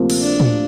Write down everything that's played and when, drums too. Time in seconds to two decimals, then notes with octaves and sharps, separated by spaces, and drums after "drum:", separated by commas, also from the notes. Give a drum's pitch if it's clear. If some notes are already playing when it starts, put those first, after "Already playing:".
Already playing: D2 C3 F3 A#3
0.10 drum: cymbal
0.21 D4
0.40 drum: tom